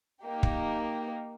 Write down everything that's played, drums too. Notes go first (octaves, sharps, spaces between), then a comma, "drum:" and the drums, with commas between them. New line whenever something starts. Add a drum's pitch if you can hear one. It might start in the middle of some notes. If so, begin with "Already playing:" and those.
A#3 D#4 G4
drum: kick